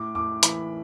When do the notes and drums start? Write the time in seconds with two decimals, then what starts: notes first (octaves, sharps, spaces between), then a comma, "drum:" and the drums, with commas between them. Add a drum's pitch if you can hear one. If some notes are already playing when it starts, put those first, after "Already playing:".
Already playing: A2 D6
0.15 A2 D6
0.43 E3 B5, drum: hi-hat